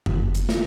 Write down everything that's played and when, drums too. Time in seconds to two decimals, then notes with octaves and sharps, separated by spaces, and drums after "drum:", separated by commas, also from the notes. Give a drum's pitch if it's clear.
0.06 F#1, drum: tom F2
0.35 drum: hi-hat
0.49 drum: snare